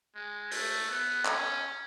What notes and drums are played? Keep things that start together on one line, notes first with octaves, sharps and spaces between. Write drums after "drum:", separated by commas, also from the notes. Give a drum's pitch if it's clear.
G#3
A3, drum: open hi-hat
B3
C#4, drum: clap